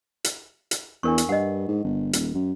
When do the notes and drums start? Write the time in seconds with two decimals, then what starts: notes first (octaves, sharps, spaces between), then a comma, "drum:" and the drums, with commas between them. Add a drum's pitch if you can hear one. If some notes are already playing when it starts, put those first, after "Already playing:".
0.24 drum: hi-hat
0.71 drum: hi-hat
1.03 E2 D4 A#4 C#6
1.18 drum: hi-hat
1.29 G2 D#5 F#5
1.68 G#2
1.84 G1
2.13 D#1, drum: hi-hat
2.34 F#2